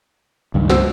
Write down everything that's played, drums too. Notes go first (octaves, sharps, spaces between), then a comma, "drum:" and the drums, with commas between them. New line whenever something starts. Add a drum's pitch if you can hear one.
C#2 G2 D#3
F#4 C5 E6, drum: snare